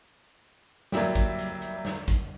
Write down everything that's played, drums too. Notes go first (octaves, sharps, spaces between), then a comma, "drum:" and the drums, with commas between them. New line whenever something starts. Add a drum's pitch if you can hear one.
F#3 G3 A#3 E4 G4, drum: snare
drum: kick, hi-hat
drum: hi-hat
drum: hi-hat
drum: snare
drum: kick, hi-hat